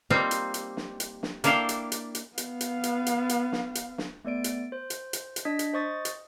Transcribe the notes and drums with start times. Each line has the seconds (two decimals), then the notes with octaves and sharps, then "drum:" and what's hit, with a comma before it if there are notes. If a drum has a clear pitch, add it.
0.10 G3 A#3 C4 D#4 F4
0.31 drum: hi-hat
0.54 drum: hi-hat
0.77 drum: snare
1.00 drum: hi-hat
1.23 drum: snare
1.44 A#3 D4 E4 A4 F5 G5, drum: hi-hat
1.69 drum: hi-hat
1.92 drum: hi-hat
2.15 drum: hi-hat
2.38 B3 F5, drum: hi-hat
2.61 drum: hi-hat
2.84 drum: hi-hat
3.06 drum: hi-hat
3.29 drum: hi-hat
3.52 drum: snare
3.75 drum: hi-hat
3.98 drum: snare
4.25 A3 B3 D5 D7
4.44 drum: hi-hat
4.72 C5
4.90 drum: hi-hat
5.13 drum: hi-hat
5.36 drum: hi-hat
5.45 D4 D#5 B6
5.59 drum: hi-hat
5.73 C5 D#5 C#6 D#6 A6
6.05 drum: hi-hat